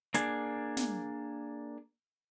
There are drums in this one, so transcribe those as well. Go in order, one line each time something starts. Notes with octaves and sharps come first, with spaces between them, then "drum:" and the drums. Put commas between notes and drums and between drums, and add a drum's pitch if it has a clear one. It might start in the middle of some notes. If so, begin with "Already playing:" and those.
A#3 D4 G#4, drum: hi-hat
drum: snare